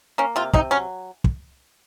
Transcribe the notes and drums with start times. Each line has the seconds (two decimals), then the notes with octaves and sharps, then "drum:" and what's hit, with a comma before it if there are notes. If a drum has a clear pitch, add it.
0.18 A#3 C#4
0.36 C3 F4
0.53 C3 D#4, drum: kick
0.71 F#3 C#4
1.24 drum: kick